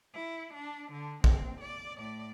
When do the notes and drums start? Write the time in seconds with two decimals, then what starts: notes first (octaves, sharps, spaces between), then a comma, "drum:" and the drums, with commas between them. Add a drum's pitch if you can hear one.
0.14 E4
0.54 D4
0.92 D3
1.24 C4, drum: kick
1.61 D5
1.97 A2 D5